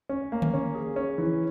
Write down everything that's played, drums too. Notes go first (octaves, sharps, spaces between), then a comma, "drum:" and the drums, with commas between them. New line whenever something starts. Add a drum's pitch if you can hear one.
C#4
A#3
drum: tom D3
C#4
G#4
C#4
E3